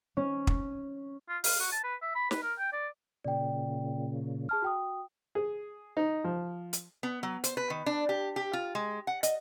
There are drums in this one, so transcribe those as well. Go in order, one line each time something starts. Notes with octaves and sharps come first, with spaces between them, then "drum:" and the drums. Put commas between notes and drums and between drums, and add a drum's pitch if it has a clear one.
C#4
drum: kick
F4
F5, drum: open hi-hat
F#4
A5
B4
E5
B5
B4, drum: snare
A#4
G5
D5
A#2 C#3 D5 G5
G#4 A5 F6
F#4 G5 D#6
G#4
D#4
F3
drum: hi-hat
B3
F#3
C5, drum: hi-hat
B4
D#3
D4
G4
G4
F4
G#3
F#5
D#5, drum: hi-hat